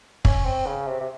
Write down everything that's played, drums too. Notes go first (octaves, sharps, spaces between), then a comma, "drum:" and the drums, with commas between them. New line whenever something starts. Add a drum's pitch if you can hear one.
C#4, drum: kick
C4
C#3
C3
C3